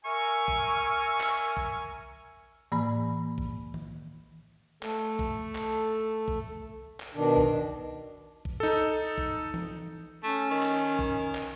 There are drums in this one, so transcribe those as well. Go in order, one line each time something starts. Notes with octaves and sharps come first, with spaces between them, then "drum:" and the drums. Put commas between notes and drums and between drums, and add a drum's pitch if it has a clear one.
A#4 E5 G#5 C#6
drum: kick A#1
drum: clap
drum: kick A#1
A2 E3 A#3 B5
drum: kick A#1
drum: tom D#3
A3 A4, drum: clap
drum: kick A#1
drum: clap
drum: kick A#1
drum: clap
B2 D#3 D4
drum: kick A#1
drum: kick A#1
D#4 A4
drum: kick A#1
drum: tom E3
A3 C#4
D#3
drum: clap
drum: kick A#1
drum: clap